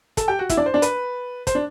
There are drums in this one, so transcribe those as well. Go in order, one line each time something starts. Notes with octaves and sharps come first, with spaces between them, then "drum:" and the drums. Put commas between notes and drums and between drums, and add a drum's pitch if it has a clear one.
A4 A5, drum: kick, hi-hat
G4 G5
F#4 F#5
E4 E5, drum: kick, hi-hat
D4 D5
C5
D4 D5
B4, drum: hi-hat
C5, drum: kick, hi-hat
D4